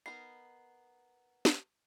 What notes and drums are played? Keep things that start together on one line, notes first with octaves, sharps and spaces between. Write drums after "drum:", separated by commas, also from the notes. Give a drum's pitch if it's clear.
B3 D#4 A#4 C7
drum: snare